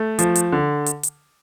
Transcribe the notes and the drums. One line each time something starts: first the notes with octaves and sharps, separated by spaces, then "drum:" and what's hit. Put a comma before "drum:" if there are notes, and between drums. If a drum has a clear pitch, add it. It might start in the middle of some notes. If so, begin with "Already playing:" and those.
Already playing: A3
F3, drum: hi-hat
drum: hi-hat
D3
drum: hi-hat
drum: hi-hat